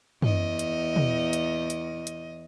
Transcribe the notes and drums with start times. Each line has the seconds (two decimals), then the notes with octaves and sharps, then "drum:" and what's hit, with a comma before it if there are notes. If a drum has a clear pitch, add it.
0.22 E2 D#5, drum: tom
0.59 drum: hi-hat
0.96 drum: tom
1.33 drum: hi-hat
1.70 drum: hi-hat
2.07 drum: hi-hat